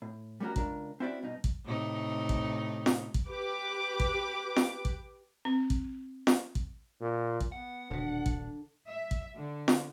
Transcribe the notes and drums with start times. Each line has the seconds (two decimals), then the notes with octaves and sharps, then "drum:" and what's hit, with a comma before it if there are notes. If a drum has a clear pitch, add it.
0.02 A2
0.40 G3 A3 C#4 F#4 A#4
0.56 C#2 D4 A#4, drum: kick
1.00 C4 C#4 E4 F#4 B4 D5
1.22 G2 B2 D#4
1.44 drum: kick
1.65 A2 C3 D#4
2.29 drum: kick
2.86 drum: snare
3.14 drum: kick
3.29 G4 B4 D6
4.00 drum: kick
4.56 drum: snare
4.85 drum: kick
5.45 C4
5.70 drum: kick
6.27 drum: snare
6.55 drum: kick
7.01 A#2
7.40 drum: kick
7.52 B3 F#5
7.90 D#1 B2 D3 D4
8.26 drum: kick
8.86 E5
9.11 drum: kick
9.37 D3
9.68 drum: snare